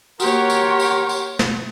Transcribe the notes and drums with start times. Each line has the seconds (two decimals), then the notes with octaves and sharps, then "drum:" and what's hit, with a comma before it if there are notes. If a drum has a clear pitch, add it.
0.20 A#3 F#4 G4 A#4 C#5 F#5 C6, drum: tambourine
0.50 drum: tambourine
0.79 drum: tambourine
1.09 drum: tambourine
1.39 drum: snare